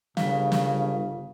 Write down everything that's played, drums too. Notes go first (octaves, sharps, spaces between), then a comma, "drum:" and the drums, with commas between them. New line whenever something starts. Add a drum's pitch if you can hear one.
G1 C#3 F5, drum: snare
drum: snare